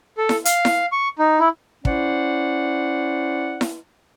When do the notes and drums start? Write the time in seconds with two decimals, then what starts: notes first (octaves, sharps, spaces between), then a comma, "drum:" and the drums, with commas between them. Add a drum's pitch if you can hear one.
0.18 A4
0.29 drum: snare E4
0.45 F5, drum: hi-hat
0.65 drum: snare E4
0.92 C#6
1.19 D#4
1.39 E4
1.85 C#4 E4 C5 D5 F#5, drum: kick
3.61 drum: snare E4